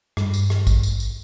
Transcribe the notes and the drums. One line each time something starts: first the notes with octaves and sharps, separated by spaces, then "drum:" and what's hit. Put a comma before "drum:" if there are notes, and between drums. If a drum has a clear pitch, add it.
G2, drum: rim click
drum: tambourine
drum: rim click
drum: kick A1, tambourine
drum: tambourine
drum: tambourine